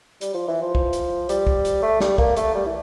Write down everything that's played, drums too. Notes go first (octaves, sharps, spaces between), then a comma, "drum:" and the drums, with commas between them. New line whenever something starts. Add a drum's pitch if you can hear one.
G3, drum: hi-hat
F3
E3
F3
drum: kick
drum: hi-hat
G3, drum: hi-hat
drum: kick
drum: hi-hat
A3
G3, drum: snare
A#3, drum: kick
A3, drum: hi-hat
G3
E3